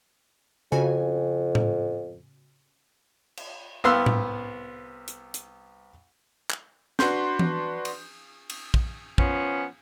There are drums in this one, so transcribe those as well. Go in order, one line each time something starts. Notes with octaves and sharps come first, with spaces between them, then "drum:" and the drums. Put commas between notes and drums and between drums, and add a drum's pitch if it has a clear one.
F2 C#3 F#4 G#5
drum: tom A2
drum: cymbal
C2 B3 F5 C6 E6 F#6
drum: tom A2
drum: hi-hat
drum: hi-hat
drum: clap
D4 F#4 B4 C6 G6, drum: snare
drum: tom E3
drum: cymbal
drum: cymbal
drum: kick
F3 B3 C#4, drum: kick